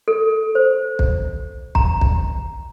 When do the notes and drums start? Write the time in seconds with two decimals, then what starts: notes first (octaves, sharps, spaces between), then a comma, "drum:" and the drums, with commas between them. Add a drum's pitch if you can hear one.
0.08 A4
0.55 C5
0.99 drum: kick
1.75 A#5, drum: kick
2.01 drum: kick